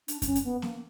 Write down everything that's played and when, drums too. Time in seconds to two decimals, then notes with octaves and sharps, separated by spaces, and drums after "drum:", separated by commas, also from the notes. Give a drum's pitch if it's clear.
0.08 D4, drum: hi-hat
0.22 D4, drum: kick F#2, hi-hat
0.26 C#4
0.35 drum: hi-hat
0.44 B3
0.62 A#3, drum: snare B3